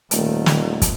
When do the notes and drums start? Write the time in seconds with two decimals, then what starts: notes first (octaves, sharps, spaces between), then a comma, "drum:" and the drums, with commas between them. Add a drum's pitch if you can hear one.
0.11 D#1 D#3 A3, drum: hi-hat
0.46 drum: snare
0.82 drum: kick, hi-hat